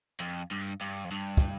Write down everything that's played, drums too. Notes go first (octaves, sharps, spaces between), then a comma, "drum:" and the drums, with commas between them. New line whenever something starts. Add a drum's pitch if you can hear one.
F2
G2
G2
F2
G2
drum: kick